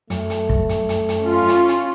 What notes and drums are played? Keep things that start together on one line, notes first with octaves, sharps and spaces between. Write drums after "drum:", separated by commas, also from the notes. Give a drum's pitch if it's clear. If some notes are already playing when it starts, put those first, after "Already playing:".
F#2 A3, drum: hi-hat
drum: hi-hat
drum: kick
drum: hi-hat
drum: hi-hat
drum: hi-hat
C#4 F4
drum: hi-hat
drum: hi-hat